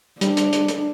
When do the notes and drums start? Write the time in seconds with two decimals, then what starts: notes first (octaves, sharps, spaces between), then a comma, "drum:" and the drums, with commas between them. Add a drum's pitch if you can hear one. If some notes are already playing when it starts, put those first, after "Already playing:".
0.21 G3 D4, drum: hi-hat
0.37 drum: hi-hat
0.53 drum: hi-hat
0.68 drum: hi-hat